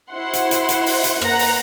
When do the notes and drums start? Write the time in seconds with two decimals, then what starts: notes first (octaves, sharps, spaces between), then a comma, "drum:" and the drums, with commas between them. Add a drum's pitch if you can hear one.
0.11 E4 F#4 C5 F#5 C6
0.33 drum: hi-hat
0.51 drum: hi-hat
0.69 drum: hi-hat
0.86 drum: open hi-hat
1.04 drum: hi-hat
1.21 A#3 B4 F#5 A#5 F#6 A#6, drum: rim click
1.39 drum: open hi-hat